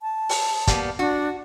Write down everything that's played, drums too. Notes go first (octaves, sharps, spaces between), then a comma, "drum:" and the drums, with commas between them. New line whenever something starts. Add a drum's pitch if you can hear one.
A5
drum: open hi-hat
G3 A#3 B3, drum: kick, hi-hat
D4 F#4